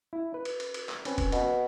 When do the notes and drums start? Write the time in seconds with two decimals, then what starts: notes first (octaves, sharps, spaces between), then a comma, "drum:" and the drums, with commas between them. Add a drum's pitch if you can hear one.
0.13 E4
0.34 B4
0.45 drum: cymbal
0.60 drum: cymbal
0.74 drum: cymbal
0.89 drum: clap
1.05 C4 C#4 B4, drum: cymbal
1.18 drum: kick F1, cymbal
1.32 B2, drum: cymbal